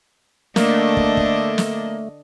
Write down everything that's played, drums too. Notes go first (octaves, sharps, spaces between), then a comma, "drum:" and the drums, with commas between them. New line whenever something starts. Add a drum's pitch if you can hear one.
D3 A3 A#3 D4 D#5, drum: snare
drum: kick
drum: kick
drum: snare